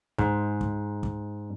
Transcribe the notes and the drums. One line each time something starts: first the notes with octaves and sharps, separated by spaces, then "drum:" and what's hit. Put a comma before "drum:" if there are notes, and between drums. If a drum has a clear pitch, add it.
G#2, drum: kick
drum: kick
drum: kick